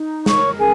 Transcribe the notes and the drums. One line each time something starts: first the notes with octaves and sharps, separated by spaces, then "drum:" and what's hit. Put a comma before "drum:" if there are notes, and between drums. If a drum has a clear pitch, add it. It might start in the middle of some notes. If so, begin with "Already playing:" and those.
Already playing: D#4
A#4 C#5 C#6, drum: snare
C#4 G#4 G#5